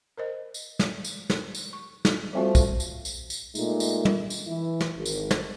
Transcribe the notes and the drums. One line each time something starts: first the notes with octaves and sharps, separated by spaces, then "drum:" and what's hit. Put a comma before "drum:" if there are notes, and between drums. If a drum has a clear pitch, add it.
A#4 C5 D#5
drum: tambourine
drum: snare
drum: tambourine
drum: snare
drum: tambourine
C#6
drum: snare
F3 G3 A3 C4 F#4
drum: kick B1, tambourine
drum: tambourine
drum: tambourine
drum: tambourine
A#2 G#3 A3 D#4, drum: tambourine
drum: tambourine
drum: tom
drum: tambourine
E3 E4
drum: snare
G#1
drum: tambourine
drum: snare